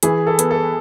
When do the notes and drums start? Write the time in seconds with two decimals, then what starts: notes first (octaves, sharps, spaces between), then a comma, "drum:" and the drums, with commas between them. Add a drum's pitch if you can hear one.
0.03 E3 G#4, drum: hi-hat
0.27 A4
0.39 B3, drum: hi-hat
0.51 A4